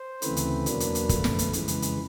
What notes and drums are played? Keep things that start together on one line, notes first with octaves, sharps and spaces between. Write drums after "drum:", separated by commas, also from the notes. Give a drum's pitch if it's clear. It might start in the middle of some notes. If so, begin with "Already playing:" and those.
Already playing: C5
D2 C#3 E3 A3 C4 B4, drum: hi-hat
drum: hi-hat
E2 B2 F#3 A#3 D4, drum: hi-hat
drum: hi-hat
drum: hi-hat
F#2 D3 F3 A3 B4, drum: kick, hi-hat
drum: snare
drum: hi-hat
F2 C#3 E3 G#3 B4, drum: hi-hat
drum: hi-hat
drum: hi-hat